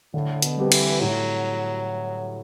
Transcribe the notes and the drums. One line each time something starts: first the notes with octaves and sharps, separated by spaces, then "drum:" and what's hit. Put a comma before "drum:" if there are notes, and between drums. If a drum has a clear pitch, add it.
A2 D3
B2, drum: hi-hat
G3 C4 G4 B4
E3, drum: cymbal
A2 F#3